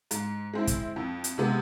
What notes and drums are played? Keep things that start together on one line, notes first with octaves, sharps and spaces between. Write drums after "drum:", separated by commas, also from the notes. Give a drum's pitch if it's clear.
G#2, drum: hi-hat
G#3 C4 E4
drum: kick, hi-hat
F2
drum: hi-hat
C3 G#3 B3